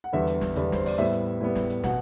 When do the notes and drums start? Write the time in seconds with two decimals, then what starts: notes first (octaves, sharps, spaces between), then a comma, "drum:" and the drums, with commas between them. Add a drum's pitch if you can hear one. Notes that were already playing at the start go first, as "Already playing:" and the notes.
0.04 F#5
0.13 E2 D3 G3 B3 E5
0.27 drum: hi-hat
0.41 drum: snare
0.56 E2 D3 G3 B3, drum: hi-hat
0.72 C5, drum: snare
0.86 D5, drum: open hi-hat
0.98 A2 G3 B3 E5
1.13 drum: hi-hat
1.41 A2 G3 B3
1.55 drum: snare
1.70 drum: hi-hat
1.84 B2 F#5, drum: snare